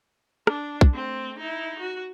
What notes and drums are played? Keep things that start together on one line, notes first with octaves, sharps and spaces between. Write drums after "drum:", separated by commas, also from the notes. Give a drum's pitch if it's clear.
D4, drum: rim click
drum: kick
A3 C4
D#4 E4
F#4